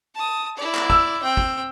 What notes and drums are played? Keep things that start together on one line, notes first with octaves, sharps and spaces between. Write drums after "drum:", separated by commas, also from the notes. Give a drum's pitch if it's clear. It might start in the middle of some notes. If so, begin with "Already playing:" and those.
A5 D#6
E4 D5
drum: clap
E6, drum: kick
C4 G5
drum: kick